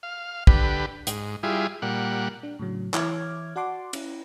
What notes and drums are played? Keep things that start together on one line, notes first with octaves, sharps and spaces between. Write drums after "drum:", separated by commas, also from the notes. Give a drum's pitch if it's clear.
F5
D3 G4 B4, drum: kick
G#2, drum: hi-hat
G3 E4 F4 G#4
A#2 G3 F#5
D4
A2 C#3 F#3
E3 E4 C#5 D6 F6 G#6, drum: clap
F#4 D5 F#5 A5 C6 D6
C#4 E4, drum: cymbal